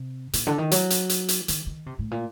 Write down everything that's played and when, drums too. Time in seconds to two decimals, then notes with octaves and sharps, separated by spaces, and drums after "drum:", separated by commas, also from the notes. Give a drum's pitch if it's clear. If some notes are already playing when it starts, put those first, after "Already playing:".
Already playing: C3
0.33 A#2, drum: hi-hat
0.47 D3
0.58 D#3
0.71 F#3, drum: hi-hat
0.90 drum: hi-hat
1.09 drum: hi-hat
1.29 drum: hi-hat
1.48 D#3, drum: hi-hat
1.67 D#3
1.86 C3
1.99 A2
2.11 A#2